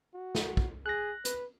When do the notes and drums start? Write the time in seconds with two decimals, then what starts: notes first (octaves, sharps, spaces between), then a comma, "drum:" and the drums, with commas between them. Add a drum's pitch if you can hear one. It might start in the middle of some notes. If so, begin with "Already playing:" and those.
0.14 F#4
0.35 drum: snare
0.57 drum: kick
0.86 G#4 F#6 A#6
1.25 B4, drum: hi-hat